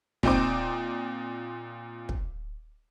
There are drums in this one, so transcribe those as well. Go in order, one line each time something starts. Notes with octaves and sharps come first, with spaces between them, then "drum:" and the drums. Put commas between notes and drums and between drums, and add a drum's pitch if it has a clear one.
A#2 C4 D#4 C5 D6, drum: kick
drum: kick